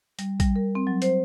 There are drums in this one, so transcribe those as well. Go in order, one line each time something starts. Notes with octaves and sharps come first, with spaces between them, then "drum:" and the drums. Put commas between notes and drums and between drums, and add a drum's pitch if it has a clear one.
G3, drum: hi-hat
G3, drum: kick, hi-hat
A#4
C4
F#3
C5, drum: hi-hat